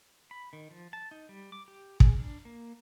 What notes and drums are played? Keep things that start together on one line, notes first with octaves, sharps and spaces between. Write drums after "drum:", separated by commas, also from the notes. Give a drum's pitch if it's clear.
B5
D#3
F3
A5
D#4
G3
D6
G4
G#4, drum: kick
D4
A#3